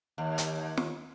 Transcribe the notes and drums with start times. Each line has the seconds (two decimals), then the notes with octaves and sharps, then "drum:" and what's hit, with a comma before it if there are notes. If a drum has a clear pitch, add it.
0.18 D#2
0.38 drum: hi-hat
0.77 drum: snare